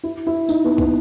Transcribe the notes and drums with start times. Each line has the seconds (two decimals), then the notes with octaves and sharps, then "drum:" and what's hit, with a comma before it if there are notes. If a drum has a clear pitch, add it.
0.03 E4
0.27 E4
0.49 D#4, drum: tambourine
0.64 B3
0.78 B3, drum: kick